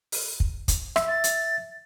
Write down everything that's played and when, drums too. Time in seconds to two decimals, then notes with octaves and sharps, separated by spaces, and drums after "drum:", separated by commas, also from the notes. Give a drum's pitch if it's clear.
0.12 drum: open hi-hat
0.40 drum: kick
0.68 drum: kick, hi-hat
0.96 E5, drum: rim click
1.09 A6
1.24 drum: hi-hat